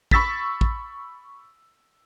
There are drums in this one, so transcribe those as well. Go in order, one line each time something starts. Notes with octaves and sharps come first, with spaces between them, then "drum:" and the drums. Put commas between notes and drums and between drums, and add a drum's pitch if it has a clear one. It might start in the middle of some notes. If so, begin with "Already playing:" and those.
B5 C#6 E6 A6 B6, drum: kick
drum: kick